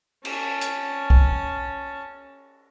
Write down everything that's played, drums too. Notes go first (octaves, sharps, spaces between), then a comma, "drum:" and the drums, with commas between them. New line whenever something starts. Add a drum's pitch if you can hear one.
C#4 A5, drum: cymbal
drum: hi-hat
drum: kick